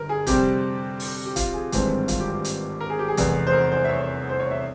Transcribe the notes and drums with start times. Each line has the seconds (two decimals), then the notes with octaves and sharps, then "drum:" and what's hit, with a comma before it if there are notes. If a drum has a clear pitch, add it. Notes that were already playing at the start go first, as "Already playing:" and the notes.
Already playing: G1 G2 A#4
0.09 G#4
0.27 F2 C3 G3 C4 G4, drum: kick, hi-hat
1.00 drum: open hi-hat
1.25 G4
1.36 F4, drum: kick, hi-hat
1.54 G#4
1.72 G#1 G2 E3 G#3 C4, drum: kick, hi-hat
2.08 F4, drum: kick, hi-hat
2.20 G4
2.32 G4
2.44 drum: hi-hat
2.81 A#4
2.90 G#4
2.99 G4
3.08 G#4
3.17 F1 E2 E3, drum: kick, hi-hat
3.47 C5
3.53 A#4
3.72 C5
3.85 E5
3.89 C#5
4.29 C5
4.40 C#5
4.51 E5